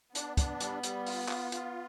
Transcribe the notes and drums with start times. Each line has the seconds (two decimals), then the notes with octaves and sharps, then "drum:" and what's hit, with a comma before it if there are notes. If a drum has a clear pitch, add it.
0.15 B3 D4, drum: hi-hat
0.37 D4, drum: kick, hi-hat
0.60 G3, drum: hi-hat
0.83 G3, drum: hi-hat
1.06 F4, drum: open hi-hat
1.28 F4, drum: clap
1.52 F4, drum: hi-hat